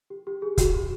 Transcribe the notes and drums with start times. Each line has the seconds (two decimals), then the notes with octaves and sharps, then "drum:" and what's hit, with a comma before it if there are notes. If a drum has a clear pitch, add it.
0.10 G4
0.27 G4
0.42 G#4
0.58 F#4, drum: kick, hi-hat
0.74 G4